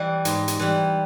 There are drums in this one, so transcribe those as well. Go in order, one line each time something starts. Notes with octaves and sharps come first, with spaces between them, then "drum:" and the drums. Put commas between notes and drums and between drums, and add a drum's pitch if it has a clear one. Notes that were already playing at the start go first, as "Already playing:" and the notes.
Already playing: E3 G3
G#2, drum: hi-hat
drum: hi-hat
E3 G3